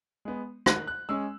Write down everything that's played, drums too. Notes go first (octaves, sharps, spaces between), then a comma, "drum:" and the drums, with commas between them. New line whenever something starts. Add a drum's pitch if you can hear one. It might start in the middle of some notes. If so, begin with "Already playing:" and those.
G#3 B3
D#3 F#6, drum: rim click
F#6
G#3 C#4 E6